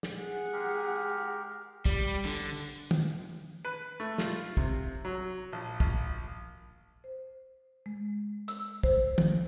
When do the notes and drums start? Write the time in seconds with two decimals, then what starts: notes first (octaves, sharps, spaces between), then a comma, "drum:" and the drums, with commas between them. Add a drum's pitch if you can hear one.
0.03 drum: snare
0.18 G#4 F#5
0.53 G#3 G4 A#4
1.85 G3, drum: kick
2.25 D3, drum: open hi-hat
2.91 drum: tom D#3
3.65 B4
4.00 A3
4.18 F4, drum: snare
4.57 C3, drum: kick
5.05 F#3
5.52 A#1
5.80 A#1, drum: kick
7.04 C5
7.86 G#3
8.48 E6, drum: hi-hat
8.83 C5, drum: kick
9.18 F3, drum: tom D#3